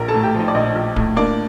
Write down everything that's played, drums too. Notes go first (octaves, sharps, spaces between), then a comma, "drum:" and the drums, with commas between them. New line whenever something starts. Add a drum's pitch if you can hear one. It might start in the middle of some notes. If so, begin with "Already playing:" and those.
Already playing: A#1 A#4 A#5
A4 A5
A2
G4 G5
F3 D#4 D#5
D5
A#1 D#4 D#5
A#1
A2, drum: kick D1
A#3 D4 D5